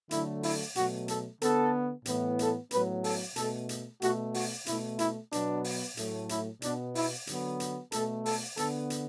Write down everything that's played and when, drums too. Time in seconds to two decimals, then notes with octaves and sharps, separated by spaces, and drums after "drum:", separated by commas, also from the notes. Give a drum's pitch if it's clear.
0.11 D3 F#3 A3 E4, drum: hi-hat
0.43 E4, drum: open hi-hat
0.75 B2 F#3 A3 F#4, drum: hi-hat
1.08 A4, drum: hi-hat
1.42 D3 B3 A4, drum: hi-hat
2.06 A2 E3 B3, drum: hi-hat
2.39 A4, drum: hi-hat
2.71 A2 F#3 B3 B4, drum: hi-hat
3.04 A4, drum: open hi-hat
3.36 B2 A3 A4, drum: hi-hat
3.69 drum: hi-hat
4.02 B2 A3 F#4, drum: hi-hat
4.34 F#4, drum: open hi-hat
4.66 B2 A3 E4, drum: hi-hat
4.99 E4, drum: hi-hat
5.32 B2 F#3 B3 D4, drum: hi-hat
5.64 drum: open hi-hat
5.97 A2 F#3 A3, drum: hi-hat
6.29 E4, drum: hi-hat
6.62 B2 B3 D4, drum: hi-hat
6.95 E4, drum: open hi-hat
7.27 D3 F#3 B3, drum: hi-hat
7.60 drum: hi-hat
7.92 B2 A3 A4, drum: hi-hat
8.26 A4, drum: open hi-hat
8.57 D3 B3 A4, drum: hi-hat
8.90 drum: hi-hat